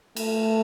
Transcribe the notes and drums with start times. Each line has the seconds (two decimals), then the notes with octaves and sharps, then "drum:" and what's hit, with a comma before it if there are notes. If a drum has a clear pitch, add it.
0.16 A3, drum: cymbal